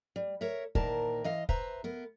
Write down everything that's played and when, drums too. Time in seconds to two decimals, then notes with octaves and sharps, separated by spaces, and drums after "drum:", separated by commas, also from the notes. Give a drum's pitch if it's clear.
0.16 G3
0.41 A#4 C#5 E5
0.75 A#2 D#3 E3 A#4 C5 A5, drum: kick
1.24 E3 D#5 F5
1.49 B4 C5 E5 A#5, drum: kick
1.84 B3 A#4